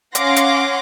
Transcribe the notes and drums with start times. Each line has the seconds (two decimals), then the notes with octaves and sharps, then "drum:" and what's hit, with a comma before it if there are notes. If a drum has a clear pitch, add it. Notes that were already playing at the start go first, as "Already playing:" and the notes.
0.15 C#4 F5 F#5 C6 D6 A#6, drum: hi-hat
0.36 drum: hi-hat